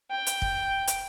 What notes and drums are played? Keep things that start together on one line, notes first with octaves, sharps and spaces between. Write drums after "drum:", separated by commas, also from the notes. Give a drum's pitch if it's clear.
G5
drum: hi-hat
drum: kick
drum: hi-hat